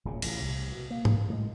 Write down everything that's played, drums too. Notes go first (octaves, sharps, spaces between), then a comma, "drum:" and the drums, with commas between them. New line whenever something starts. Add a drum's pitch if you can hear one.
D1 A#2 C#3
A1 A#2 C#3, drum: cymbal
C2 C3
B2
A#3
drum: tom G#2
A2 G#3